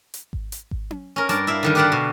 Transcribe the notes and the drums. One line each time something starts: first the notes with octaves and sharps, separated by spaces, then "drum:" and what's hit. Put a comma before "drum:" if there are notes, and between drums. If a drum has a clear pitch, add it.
drum: hi-hat
drum: kick G#1
drum: hi-hat
drum: kick G#1
drum: tom C#4
C#4 A#4
G2 A#4 D5 A5, drum: hi-hat
E4 E5 F5
D3 D#3 G3
G4 B4 D5 F5 F#5 A5
B2